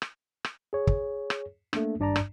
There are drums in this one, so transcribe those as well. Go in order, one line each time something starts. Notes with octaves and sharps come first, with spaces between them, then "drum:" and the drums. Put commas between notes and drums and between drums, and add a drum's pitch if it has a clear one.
drum: rim click
drum: rim click
G#4 C#5
drum: kick
drum: rim click
A3 A#3 D4, drum: rim click
G#1 G2 D4 D5 A5 A#5
drum: rim click